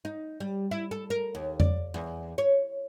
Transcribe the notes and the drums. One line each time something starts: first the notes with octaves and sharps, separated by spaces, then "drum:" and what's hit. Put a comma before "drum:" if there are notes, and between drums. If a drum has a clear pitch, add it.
D#4
G3
E4
A4
A#4
D#2
D5, drum: tom F2
E2
C#5